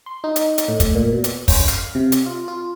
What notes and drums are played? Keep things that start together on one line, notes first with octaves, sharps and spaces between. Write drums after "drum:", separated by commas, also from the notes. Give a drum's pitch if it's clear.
C6
D#4
drum: hi-hat
drum: hi-hat
A2
drum: kick, hi-hat
A#2
B2
drum: hi-hat
C#4, drum: kick, open hi-hat
F5, drum: hi-hat
C3
drum: hi-hat
F4
F4